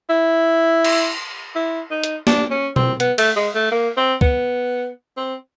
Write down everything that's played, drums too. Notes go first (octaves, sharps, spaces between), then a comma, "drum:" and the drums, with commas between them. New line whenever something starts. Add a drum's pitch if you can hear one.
E4
drum: cymbal
E4
D#4
drum: hi-hat
D4, drum: snare A#3
C#4
C4, drum: tom B2
B3, drum: hi-hat
A3, drum: cymbal
G#3
A3
A#3
C4
B3, drum: kick
C4